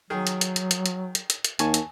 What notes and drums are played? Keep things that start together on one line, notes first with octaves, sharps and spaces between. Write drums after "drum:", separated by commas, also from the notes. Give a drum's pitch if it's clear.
D#3 F#3 G#4
drum: hi-hat
drum: hi-hat
drum: hi-hat
drum: hi-hat
drum: hi-hat
drum: hi-hat
drum: hi-hat
drum: hi-hat
D#2 G#5 A5 C#6, drum: hi-hat
drum: hi-hat